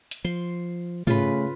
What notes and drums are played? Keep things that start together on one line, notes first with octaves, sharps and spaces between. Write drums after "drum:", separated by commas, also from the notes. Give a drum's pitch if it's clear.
drum: hi-hat
F3 C6
C#3 A3 F4 B4, drum: tom